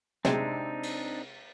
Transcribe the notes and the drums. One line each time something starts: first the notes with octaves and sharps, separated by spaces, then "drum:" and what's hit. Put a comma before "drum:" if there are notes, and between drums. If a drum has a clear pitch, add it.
C3 G#3 C4 D4 D#4, drum: snare
drum: cymbal